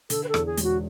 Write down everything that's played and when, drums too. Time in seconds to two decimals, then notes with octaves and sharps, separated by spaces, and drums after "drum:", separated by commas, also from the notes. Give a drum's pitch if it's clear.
0.10 D3 A4, drum: hi-hat
0.23 B4
0.28 A4
0.34 E2, drum: rim click
0.46 G#4
0.57 E1, drum: hi-hat
0.63 F#4